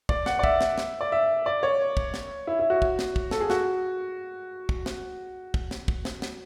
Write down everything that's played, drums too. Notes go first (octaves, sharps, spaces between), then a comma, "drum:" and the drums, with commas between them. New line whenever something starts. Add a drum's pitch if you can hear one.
D5, drum: kick
F#5, drum: snare
D5
E5, drum: kick
drum: snare
drum: snare
D5
E5
D5
C#5
drum: kick
drum: snare
E4
E4
F#4
drum: kick
drum: snare
drum: kick
A4, drum: snare
G#4
F#4, drum: snare
drum: kick
drum: snare
drum: kick
drum: snare
drum: kick
drum: snare
drum: snare